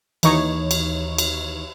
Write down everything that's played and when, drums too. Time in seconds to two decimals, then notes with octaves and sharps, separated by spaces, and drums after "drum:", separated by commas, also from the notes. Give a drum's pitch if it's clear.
0.23 D#2 E3 D#4 C#5, drum: cymbal
0.71 drum: cymbal
1.18 drum: cymbal